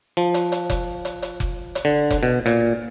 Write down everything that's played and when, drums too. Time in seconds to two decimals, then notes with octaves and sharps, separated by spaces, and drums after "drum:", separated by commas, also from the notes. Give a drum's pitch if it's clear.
0.17 F3
0.34 drum: hi-hat
0.52 drum: hi-hat
0.70 drum: kick F1, hi-hat
1.05 drum: hi-hat
1.22 drum: hi-hat
1.40 drum: kick F1
1.75 drum: hi-hat
1.85 D3
2.11 drum: kick F1, hi-hat
2.23 B2
2.46 A#2, drum: hi-hat